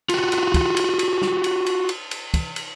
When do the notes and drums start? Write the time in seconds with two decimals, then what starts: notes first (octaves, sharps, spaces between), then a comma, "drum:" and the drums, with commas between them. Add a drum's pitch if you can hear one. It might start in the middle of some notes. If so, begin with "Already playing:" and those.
0.09 F4 F#4, drum: cymbal
0.32 drum: cymbal
0.54 drum: kick, cymbal
0.77 drum: cymbal
0.99 drum: cymbal
1.22 drum: snare
1.44 drum: cymbal
1.66 drum: cymbal
1.89 drum: cymbal
2.11 drum: cymbal
2.34 drum: kick, cymbal
2.56 drum: cymbal